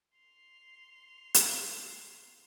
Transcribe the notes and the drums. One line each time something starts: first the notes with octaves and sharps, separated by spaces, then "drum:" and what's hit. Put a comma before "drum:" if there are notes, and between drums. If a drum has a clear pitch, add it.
C6 F7
drum: hi-hat